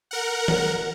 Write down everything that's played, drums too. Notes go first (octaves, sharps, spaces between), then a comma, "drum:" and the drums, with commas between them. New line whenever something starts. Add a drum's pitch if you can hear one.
A#4 F#5
drum: tom D#3